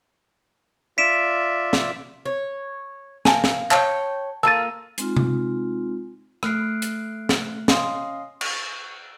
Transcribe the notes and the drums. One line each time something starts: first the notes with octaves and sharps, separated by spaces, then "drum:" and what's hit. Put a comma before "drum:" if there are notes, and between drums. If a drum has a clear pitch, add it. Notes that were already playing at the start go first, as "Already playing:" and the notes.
F4 D5 E5 B6 D7 E7
drum: snare
C#5
A#3 G#5 A5, drum: snare
drum: snare
C#5 F5 G5 A5, drum: clap
A#3 F4 A4 A5 E6 A6 D#7
G#3 C4 D#4 F4, drum: hi-hat
drum: tom C3
A3 F6 F#6 C7 D7, drum: rim click
drum: hi-hat
drum: snare
C#4 D#5 F5 C6 D#6, drum: snare
C#6, drum: cymbal